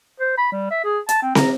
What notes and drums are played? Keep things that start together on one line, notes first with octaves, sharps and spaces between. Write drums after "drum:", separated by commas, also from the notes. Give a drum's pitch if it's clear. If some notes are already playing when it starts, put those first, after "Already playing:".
C5
B5
G3
E5
G#4
A5, drum: hi-hat
C4
A#5, drum: snare